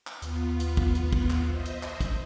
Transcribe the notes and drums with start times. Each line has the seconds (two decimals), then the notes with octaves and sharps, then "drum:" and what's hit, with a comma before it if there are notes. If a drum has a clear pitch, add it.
0.07 drum: clap
0.22 D#2 B3 F4, drum: hi-hat
0.60 drum: hi-hat
0.77 drum: kick
0.95 drum: hi-hat
1.13 drum: kick
1.30 drum: clap
1.48 C5 D#5 E5
1.65 drum: hi-hat
1.83 drum: clap
2.01 drum: kick, hi-hat